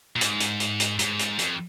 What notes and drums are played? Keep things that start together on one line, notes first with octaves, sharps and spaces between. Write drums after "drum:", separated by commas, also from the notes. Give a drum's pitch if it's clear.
A#2
G#2, drum: hi-hat
drum: hi-hat
drum: hi-hat
drum: hi-hat
G#2, drum: hi-hat
drum: hi-hat
F2, drum: hi-hat